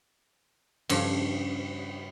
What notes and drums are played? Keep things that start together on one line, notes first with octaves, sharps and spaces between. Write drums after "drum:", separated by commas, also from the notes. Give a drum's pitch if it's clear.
G2 C#3 F3, drum: cymbal